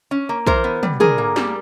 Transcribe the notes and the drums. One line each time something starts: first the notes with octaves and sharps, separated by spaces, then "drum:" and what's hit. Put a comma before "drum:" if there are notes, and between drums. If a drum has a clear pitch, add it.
C#4
A#3
E3 A#4 C5, drum: kick
B3
G3, drum: tom
D3 G#4 A#4, drum: tom
A#3
G3, drum: snare